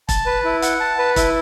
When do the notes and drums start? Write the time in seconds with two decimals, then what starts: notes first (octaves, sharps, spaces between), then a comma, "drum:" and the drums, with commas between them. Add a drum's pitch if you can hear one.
0.09 A5, drum: kick E1, hi-hat
0.26 B4
0.45 E4
0.62 F#5, drum: hi-hat
0.80 A5
0.99 B4
1.16 E4, drum: kick E1, hi-hat